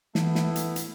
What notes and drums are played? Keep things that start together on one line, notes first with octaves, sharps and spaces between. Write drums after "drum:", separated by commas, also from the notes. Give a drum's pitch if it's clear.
E3 A3 B3 E4, drum: snare
drum: snare
drum: hi-hat
drum: hi-hat